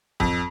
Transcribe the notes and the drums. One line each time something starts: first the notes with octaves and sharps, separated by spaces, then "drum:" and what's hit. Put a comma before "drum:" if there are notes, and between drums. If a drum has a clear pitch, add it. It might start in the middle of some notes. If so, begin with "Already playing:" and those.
F2, drum: kick C#1